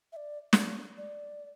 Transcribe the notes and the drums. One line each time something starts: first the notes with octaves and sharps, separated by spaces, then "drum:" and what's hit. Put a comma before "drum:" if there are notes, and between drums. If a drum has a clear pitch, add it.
E5
D5
drum: snare
D5